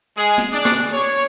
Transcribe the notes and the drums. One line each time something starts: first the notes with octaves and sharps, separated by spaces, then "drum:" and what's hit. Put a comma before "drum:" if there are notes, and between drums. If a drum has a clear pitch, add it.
G#3 G#4
drum: hi-hat
D4
drum: rim click
C#5